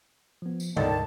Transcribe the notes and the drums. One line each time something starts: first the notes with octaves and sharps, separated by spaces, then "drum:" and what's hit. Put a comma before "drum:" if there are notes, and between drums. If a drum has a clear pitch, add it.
F3 B3
drum: tambourine
D2 G#2 D3 D#3 A5, drum: tom C3